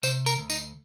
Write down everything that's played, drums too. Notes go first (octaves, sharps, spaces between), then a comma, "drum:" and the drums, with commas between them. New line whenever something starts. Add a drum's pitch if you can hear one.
C3 C5, drum: tambourine
A#4, drum: tambourine
D2
D#4, drum: tambourine